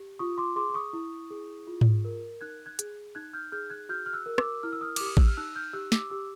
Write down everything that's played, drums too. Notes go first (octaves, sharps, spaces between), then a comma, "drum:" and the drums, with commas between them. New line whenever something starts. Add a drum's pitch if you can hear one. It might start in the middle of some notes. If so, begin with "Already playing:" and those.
Already playing: G4
F4 C#6 D#6
C6 D6
G#4 C6 D6
D6
C#6 D#6
E4
G#4
F4
drum: tom G#2
A#4
D#4 F#6 G#6
F#6 G#6
G#4, drum: hi-hat
D#4 F#6 G#6
F6 G6
G#4 F6 G6
F#6 G#6
F#4 F6 G6
F6
E6 F#6
A#4
D6 E6, drum: rim click
E4 F6
E6
D#6 F6
G4 D6, drum: cymbal
D#6
E6, drum: kick A1
F6
D#4 E6 F#6
F6 G6
G4 E6 F#6
D6 E6, drum: snare
G4 D6 E6